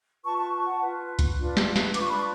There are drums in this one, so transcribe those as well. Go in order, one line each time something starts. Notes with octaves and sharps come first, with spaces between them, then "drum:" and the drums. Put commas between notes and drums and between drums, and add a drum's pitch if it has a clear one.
F4 B4 A5 C#6
A5 C#6
A5 C#6
F#5 A5
F4 B4
drum: kick C#2, hi-hat
D4 F4 B4
drum: snare
drum: snare
D4 F4 B4 D6, drum: hi-hat
C#6
B5
A5 C#6